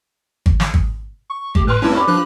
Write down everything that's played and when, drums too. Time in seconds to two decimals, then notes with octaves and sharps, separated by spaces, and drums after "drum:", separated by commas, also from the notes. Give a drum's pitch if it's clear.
0.46 drum: kick G#1
0.60 drum: snare
0.74 drum: kick G#1
1.30 C#6
1.55 A3 G4, drum: kick G#1
1.67 A2 B4 C6 F6 F#6
1.82 G2 C3 A3 C#4 E4
1.95 G4 B4 D5 B5 C#6
2.08 F3 D4 B4 F#6